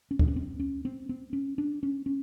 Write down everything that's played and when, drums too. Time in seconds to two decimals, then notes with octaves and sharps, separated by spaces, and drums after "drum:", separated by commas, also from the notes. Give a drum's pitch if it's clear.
0.11 C#4
0.19 D4, drum: kick D2
0.28 C#4
0.36 C4
0.60 C#4
0.85 C4
1.09 C4
1.33 C#4
1.58 D4
1.83 C#4
2.06 C#4